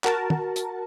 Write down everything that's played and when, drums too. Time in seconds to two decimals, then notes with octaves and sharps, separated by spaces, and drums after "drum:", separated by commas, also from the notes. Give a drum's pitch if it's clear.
0.04 F#4 A#4 A5, drum: clap
0.30 drum: tom
0.56 drum: hi-hat